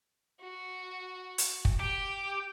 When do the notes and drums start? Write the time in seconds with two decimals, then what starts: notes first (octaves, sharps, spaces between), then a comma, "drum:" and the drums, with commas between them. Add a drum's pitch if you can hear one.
0.42 F#4
1.38 drum: hi-hat
1.65 drum: kick
1.80 G4 G5